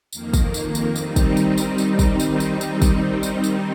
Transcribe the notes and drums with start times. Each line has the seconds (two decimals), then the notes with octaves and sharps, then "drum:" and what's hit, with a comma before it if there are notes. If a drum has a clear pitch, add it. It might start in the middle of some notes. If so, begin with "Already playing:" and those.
0.13 F2 D#3 A#3, drum: tambourine
0.34 drum: kick, tambourine
0.54 drum: tambourine
0.75 drum: tambourine
0.96 D#3 G3 C4 D#4, drum: tambourine
1.16 drum: kick, tambourine
1.37 drum: tambourine
1.58 drum: tambourine
1.78 drum: tambourine
1.99 drum: kick, tambourine
2.20 drum: tambourine
2.40 drum: tambourine
2.61 drum: tambourine
2.82 drum: kick, tambourine
3.23 drum: tambourine
3.44 drum: tambourine